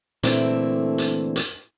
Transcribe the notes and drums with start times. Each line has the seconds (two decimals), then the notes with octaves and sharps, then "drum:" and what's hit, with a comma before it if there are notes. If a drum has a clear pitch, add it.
0.23 A#2 D3 E3 A3 C4 E4, drum: hi-hat
0.98 drum: hi-hat
1.36 drum: hi-hat